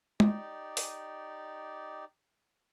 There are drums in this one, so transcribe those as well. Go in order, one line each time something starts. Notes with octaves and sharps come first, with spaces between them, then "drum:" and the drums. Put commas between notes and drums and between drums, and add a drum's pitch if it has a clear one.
D#4 G4 D5, drum: tom
drum: open hi-hat